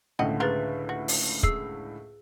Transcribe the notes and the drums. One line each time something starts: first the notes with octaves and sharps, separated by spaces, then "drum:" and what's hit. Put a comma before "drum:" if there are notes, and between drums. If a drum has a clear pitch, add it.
C#2 A2 D3 C4 D#5 F#5
A#3 F4 G#4 A#4 B4 A6
F#4
drum: open hi-hat
G#4 E6 C7, drum: kick